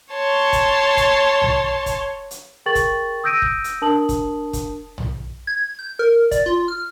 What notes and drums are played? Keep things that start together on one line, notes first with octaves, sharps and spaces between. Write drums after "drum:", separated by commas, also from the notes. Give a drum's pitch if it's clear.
C#5 A5 C6
drum: kick, hi-hat
drum: kick, hi-hat
drum: tom
drum: kick, hi-hat
drum: hi-hat
G#4 A#4 G5 C#6 A6 F#7
drum: kick, hi-hat
D#6 E6 G6 A#6 D7 D#7
drum: kick
drum: hi-hat
D4 A#4 A5 D#6 F#7
drum: kick, hi-hat
drum: kick, hi-hat
drum: tom
G#6
G6
A#4
D5, drum: kick, hi-hat
F4
F6